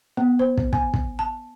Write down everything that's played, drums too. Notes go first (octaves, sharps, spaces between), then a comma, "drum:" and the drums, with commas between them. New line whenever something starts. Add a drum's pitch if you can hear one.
B3
C5
drum: kick
G#5, drum: kick
drum: kick
A5